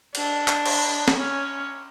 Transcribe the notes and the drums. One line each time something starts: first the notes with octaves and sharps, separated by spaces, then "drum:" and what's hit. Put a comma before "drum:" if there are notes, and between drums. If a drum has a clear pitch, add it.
D4, drum: cymbal
drum: clap
drum: cymbal
drum: snare
C#4